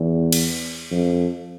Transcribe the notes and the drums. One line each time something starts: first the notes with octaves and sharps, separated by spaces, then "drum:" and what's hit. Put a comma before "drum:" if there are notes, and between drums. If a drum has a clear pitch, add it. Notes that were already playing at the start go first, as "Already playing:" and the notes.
Already playing: E2
drum: cymbal
F2